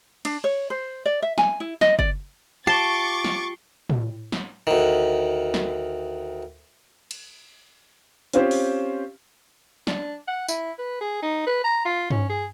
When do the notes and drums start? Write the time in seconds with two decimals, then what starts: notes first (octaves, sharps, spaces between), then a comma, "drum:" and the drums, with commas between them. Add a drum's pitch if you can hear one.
0.25 D4, drum: cymbal
0.44 C#5
0.70 C5
1.06 D5
1.22 E5
1.38 G#5, drum: snare
1.60 E4
1.81 D#5, drum: snare
1.99 D5, drum: kick F#1
2.67 F4 G4 A5 C#6 D6 A6 C7 G7
3.25 drum: snare
3.90 drum: tom
4.32 drum: snare
4.67 D2 D#3
5.54 drum: snare
7.11 drum: cymbal
8.33 C4 C#4 F4 G4 C5, drum: hi-hat
8.51 drum: open hi-hat
9.87 D4, drum: snare
10.28 F#5
10.48 E4, drum: tambourine
10.79 B4
11.01 G#4
11.23 D#4
11.47 B4
11.64 A#5
11.85 F4
12.10 C#4, drum: tom G2
12.30 G#4